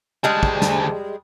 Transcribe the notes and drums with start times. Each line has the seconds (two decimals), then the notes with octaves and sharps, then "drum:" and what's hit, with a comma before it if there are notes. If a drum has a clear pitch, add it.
0.24 D2 G3 G#3 A5
0.43 drum: kick
0.62 drum: snare